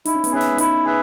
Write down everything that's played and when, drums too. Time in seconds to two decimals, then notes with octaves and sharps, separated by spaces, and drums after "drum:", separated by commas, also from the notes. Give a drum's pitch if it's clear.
0.05 D#4 E4, drum: hi-hat
0.15 C#4
0.24 B3, drum: hi-hat
0.31 C#4 G#4 B4 E5
0.41 drum: snare
0.58 D#4 E4, drum: hi-hat
0.84 G#4 B4 E5